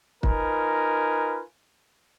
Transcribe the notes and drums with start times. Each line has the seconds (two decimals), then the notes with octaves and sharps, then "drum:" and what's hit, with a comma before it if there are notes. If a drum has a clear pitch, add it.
0.23 D#4 F4 A#4 B4 G#5, drum: kick